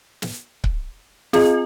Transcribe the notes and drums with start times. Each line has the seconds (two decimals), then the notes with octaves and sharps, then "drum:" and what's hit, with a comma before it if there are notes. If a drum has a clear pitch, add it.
0.22 drum: snare
0.64 drum: kick C#1
1.33 C4 F4 G#4 D#5, drum: snare